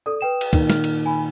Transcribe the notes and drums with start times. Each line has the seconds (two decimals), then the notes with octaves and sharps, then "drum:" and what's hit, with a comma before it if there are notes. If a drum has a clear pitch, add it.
0.06 A4 D5 D#6
0.21 B4 G5 E7
0.41 drum: cymbal
0.53 A#2 D#3, drum: kick, cymbal
0.70 F6, drum: snare
0.84 drum: cymbal
1.06 G#5 B5